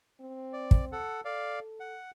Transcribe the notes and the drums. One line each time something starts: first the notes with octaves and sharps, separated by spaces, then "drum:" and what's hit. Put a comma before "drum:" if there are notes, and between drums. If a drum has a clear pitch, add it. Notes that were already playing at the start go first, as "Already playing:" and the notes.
C4
D5
drum: kick
A4 F#5
A4 D5 F5
F#5